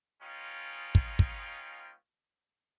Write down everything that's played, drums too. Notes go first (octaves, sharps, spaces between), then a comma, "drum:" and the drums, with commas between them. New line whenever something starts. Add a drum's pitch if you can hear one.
G#3 B3 C#4 D#4 F4 G5
drum: kick
drum: kick